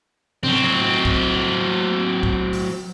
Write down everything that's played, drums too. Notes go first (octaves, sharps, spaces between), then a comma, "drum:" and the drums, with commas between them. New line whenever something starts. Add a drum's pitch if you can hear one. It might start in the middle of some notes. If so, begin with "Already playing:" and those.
F#3 C4, drum: tom
drum: kick
drum: kick
drum: open hi-hat